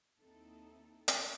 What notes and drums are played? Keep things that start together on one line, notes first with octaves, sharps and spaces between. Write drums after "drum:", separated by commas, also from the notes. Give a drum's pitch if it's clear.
D#2 C4 D#4 E4 A4
drum: hi-hat